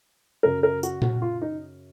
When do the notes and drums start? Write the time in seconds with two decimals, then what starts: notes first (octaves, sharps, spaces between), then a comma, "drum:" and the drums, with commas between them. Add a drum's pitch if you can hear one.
0.43 F#2 C#3 A#4
0.63 A#4
0.83 F#4, drum: tambourine
1.02 F#4, drum: tom A#2
1.22 F4
1.42 D#4